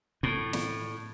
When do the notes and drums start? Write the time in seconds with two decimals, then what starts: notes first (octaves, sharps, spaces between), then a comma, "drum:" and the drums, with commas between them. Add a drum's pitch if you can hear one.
0.23 A2
0.53 drum: snare